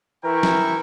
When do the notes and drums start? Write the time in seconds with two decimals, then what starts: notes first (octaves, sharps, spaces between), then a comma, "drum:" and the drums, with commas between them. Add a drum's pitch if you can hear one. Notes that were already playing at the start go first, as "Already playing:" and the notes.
0.24 E3 E4 A#4 G5 C#6
0.43 drum: snare